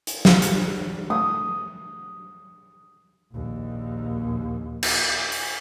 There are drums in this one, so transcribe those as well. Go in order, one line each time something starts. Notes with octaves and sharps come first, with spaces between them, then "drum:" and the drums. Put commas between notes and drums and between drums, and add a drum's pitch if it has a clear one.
drum: hi-hat
F4, drum: snare
drum: hi-hat
A3 D#6
A#1 D#2
drum: cymbal
drum: open hi-hat